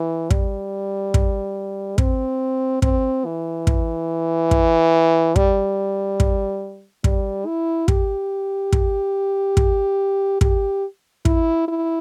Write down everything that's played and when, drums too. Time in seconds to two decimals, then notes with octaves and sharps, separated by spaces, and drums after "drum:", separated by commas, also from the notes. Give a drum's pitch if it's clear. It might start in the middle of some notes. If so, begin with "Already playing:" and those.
Already playing: E3
0.30 G3, drum: kick
1.14 drum: kick
1.98 C4, drum: kick
2.82 C4, drum: kick
3.25 E3
3.67 drum: kick
4.51 drum: kick
5.36 G3, drum: kick
6.20 drum: kick
7.04 G3, drum: kick
7.46 E4
7.88 G4, drum: kick
8.73 drum: kick
9.57 drum: kick
10.41 G4, drum: kick
11.25 E4, drum: kick
11.68 E4